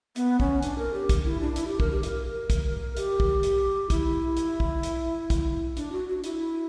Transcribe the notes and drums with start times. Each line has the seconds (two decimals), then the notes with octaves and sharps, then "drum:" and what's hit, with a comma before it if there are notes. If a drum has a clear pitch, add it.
0.16 B3, drum: hi-hat
0.40 C#4, drum: kick
0.63 D4, drum: hi-hat
0.78 A#4
0.94 G4
1.09 drum: kick, hi-hat
1.25 E4
1.41 D4
1.56 E4, drum: hi-hat
1.68 G4
1.80 A#4, drum: kick
1.91 G4
2.03 A#4, drum: hi-hat
2.50 drum: kick, hi-hat
2.97 G4, drum: hi-hat
3.20 drum: kick
3.43 drum: hi-hat
3.90 E4, drum: kick, hi-hat
4.37 drum: hi-hat
4.60 drum: kick
4.83 drum: hi-hat
5.30 drum: kick, hi-hat
5.77 D4, drum: hi-hat
5.92 F#4
6.08 F#4
6.24 E4, drum: hi-hat